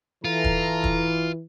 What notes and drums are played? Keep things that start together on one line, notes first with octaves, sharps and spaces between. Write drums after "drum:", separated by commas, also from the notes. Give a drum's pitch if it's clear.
E3 F4 A4 A#5
drum: kick
drum: kick